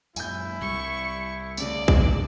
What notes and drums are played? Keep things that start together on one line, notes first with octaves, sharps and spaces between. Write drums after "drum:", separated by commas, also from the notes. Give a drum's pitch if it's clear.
F#2 A#2 E4 G#5 G6, drum: tambourine
C2 G3 C#6
D2 C#3 D5, drum: tambourine
drum: kick